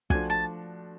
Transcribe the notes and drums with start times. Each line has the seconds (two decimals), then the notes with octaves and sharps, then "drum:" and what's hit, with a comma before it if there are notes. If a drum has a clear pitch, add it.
0.10 F3 A3 D4 F#4 G#5, drum: kick
0.30 A5